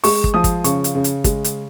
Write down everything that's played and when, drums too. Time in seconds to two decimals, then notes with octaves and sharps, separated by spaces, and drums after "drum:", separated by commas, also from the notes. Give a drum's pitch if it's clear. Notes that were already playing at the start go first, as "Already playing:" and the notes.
0.04 G#3 C#6, drum: open hi-hat
0.24 drum: kick
0.34 F3 D#6
0.44 drum: kick, hi-hat
0.64 C#3 C#6, drum: hi-hat
0.84 drum: hi-hat
0.95 C#3
1.04 drum: hi-hat
1.24 G#3, drum: kick, hi-hat
1.44 drum: hi-hat